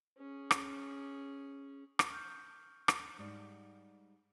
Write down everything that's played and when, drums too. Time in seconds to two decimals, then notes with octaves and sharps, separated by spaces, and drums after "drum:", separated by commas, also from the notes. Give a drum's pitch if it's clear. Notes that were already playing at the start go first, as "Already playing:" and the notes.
0.18 C#4 G#4
0.51 drum: rim click
1.99 drum: rim click
2.10 C#6 F6 G6
2.88 drum: rim click
3.18 G#2 G3 D5